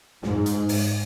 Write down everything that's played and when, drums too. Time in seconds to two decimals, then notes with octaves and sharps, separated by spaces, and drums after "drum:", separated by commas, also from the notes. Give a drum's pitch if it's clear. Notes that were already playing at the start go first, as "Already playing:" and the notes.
0.23 G#2, drum: snare
0.46 drum: hi-hat
0.69 drum: open hi-hat